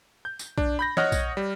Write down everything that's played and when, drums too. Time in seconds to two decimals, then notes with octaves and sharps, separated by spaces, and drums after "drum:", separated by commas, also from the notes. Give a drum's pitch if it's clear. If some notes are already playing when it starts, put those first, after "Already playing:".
0.25 G6
0.39 drum: tambourine
0.58 D4, drum: kick B1
0.79 B5 G6 A#6
0.97 C#5 D#5 F#5 D#6 F6 F#6, drum: snare
1.12 drum: kick B1, tambourine
1.37 G3